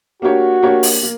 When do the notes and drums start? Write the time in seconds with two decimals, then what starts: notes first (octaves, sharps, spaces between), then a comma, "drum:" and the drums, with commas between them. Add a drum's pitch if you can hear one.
0.22 A#3 D4 F#4 G4 C#5
0.62 A#3 D4 G4 C#5
0.83 drum: open hi-hat
1.03 A#3